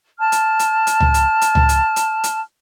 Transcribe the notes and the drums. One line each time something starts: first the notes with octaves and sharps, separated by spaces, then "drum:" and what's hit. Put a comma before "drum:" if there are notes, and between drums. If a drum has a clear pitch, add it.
A5 F6
drum: hi-hat
drum: hi-hat
drum: hi-hat
drum: tom C#2
drum: hi-hat
drum: hi-hat
drum: tom C#2
drum: hi-hat
drum: hi-hat
drum: hi-hat